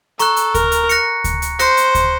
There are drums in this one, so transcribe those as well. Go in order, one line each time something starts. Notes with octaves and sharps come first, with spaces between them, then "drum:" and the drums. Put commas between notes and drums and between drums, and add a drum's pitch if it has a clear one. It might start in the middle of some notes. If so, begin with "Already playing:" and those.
A4 A#5 C#6 F#6, drum: hi-hat
drum: hi-hat
A#4, drum: kick D2, hi-hat
drum: hi-hat
F#6 A#6 C#7, drum: hi-hat
drum: kick D2, hi-hat
drum: hi-hat
C5 F#6 A#6 C#7, drum: hi-hat
drum: hi-hat
drum: kick D2, hi-hat